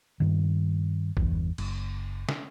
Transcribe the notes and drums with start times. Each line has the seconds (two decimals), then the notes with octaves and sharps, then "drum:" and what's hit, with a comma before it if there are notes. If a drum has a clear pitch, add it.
0.20 G2 D#3
1.17 G1 E2, drum: kick A#1
1.58 F#1, drum: cymbal
2.29 drum: snare